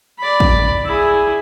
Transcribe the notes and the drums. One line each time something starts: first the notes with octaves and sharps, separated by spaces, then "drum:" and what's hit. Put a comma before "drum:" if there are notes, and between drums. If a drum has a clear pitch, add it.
D5 B5
drum: kick
E4 G#4